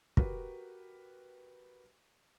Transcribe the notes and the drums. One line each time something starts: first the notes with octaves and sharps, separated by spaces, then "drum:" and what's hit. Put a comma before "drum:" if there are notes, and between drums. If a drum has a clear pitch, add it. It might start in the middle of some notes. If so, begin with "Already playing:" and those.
F#4 G4 A#4 B4, drum: kick